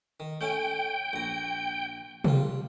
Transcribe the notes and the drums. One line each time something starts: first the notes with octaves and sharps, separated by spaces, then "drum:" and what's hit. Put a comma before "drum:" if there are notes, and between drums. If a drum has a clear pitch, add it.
D#3
A3 C#4 G5
A#1 A#5
G3 F4, drum: tom C3